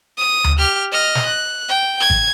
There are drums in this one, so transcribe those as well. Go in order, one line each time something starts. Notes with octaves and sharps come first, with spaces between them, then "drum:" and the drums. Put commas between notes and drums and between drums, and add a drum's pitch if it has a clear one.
D#6
drum: tom D2
G4 F6
D#5 F6
drum: snare
F#6
G5
G#6
drum: kick G#1